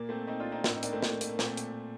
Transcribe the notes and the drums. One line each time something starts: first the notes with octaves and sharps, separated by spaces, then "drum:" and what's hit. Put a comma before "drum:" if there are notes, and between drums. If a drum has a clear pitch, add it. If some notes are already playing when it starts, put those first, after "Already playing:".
Already playing: A#2 A#3
A3 C4
C4 D#4
D4 F4
C4 D#4
A2 A#3 D4, drum: snare
C4 D#4
A#3 D4, drum: hi-hat
A3 C4
A#3, drum: snare
A3
A3, drum: hi-hat
A#3
A#2 A3 C4, drum: snare
drum: hi-hat